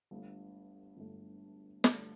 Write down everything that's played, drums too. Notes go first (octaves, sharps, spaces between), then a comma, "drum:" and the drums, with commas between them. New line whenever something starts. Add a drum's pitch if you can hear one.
G1 G2 D3 A3
G1 G2 D3 A3
G1 G2 D3 A3, drum: snare